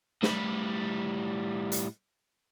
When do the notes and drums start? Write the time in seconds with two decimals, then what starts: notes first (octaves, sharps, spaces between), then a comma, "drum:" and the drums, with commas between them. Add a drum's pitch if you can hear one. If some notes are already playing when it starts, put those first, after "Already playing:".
0.23 A2 G3, drum: snare
1.72 drum: hi-hat